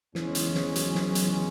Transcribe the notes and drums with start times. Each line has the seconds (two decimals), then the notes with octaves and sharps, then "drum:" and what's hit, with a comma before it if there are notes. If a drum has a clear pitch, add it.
0.15 E2 C#3 E3 G#3 C#4, drum: snare
0.35 drum: hi-hat
0.55 drum: snare
0.76 F#3, drum: hi-hat
0.95 drum: snare
1.15 drum: hi-hat